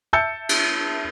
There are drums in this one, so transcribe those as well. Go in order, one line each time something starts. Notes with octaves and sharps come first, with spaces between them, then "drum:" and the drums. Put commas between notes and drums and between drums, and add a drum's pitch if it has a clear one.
E5 A5 E6 G6 A6 C#7
drum: cymbal